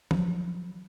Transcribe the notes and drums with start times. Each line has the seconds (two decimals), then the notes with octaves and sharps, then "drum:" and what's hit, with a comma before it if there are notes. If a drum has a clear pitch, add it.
0.11 F3 F#3, drum: tom